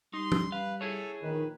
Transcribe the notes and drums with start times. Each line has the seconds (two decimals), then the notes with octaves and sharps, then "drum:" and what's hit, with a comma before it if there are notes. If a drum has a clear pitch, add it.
0.14 G3 D#4 C6
0.32 drum: tom F3
0.52 B4 F5
0.81 E4 G#4 A4 C#5
1.23 A#1 D#3 B4